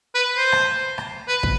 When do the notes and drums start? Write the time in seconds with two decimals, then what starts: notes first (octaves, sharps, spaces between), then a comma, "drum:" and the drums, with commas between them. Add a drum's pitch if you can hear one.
0.15 B4
0.37 C5
0.52 drum: rim click
0.98 drum: rim click
1.28 B4
1.43 drum: kick